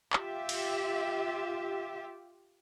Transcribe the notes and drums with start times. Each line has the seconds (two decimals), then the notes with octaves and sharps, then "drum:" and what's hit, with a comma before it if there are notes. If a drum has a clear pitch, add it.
0.13 F4 G4 E5, drum: clap
0.49 drum: cymbal